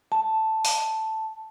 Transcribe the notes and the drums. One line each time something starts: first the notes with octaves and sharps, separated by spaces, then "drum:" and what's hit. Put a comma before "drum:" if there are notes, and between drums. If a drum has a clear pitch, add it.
A5
drum: open hi-hat